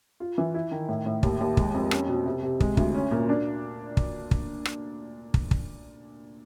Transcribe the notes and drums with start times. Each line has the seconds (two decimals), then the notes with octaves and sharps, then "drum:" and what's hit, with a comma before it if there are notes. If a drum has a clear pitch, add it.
0.20 F4
0.38 E3
0.54 E4
0.71 D#3
0.89 A2
1.06 A2
1.23 D#2, drum: kick
1.40 D#2
1.57 G#3, drum: kick
1.74 F2
1.91 C#4, drum: rim click
2.09 B2
2.26 C3
2.42 C3
2.60 G#3, drum: kick
2.77 D2, drum: kick
2.95 C#4
3.11 A#2
3.29 D4
3.97 drum: kick
4.31 drum: kick
4.65 drum: rim click
5.34 drum: kick
5.51 drum: kick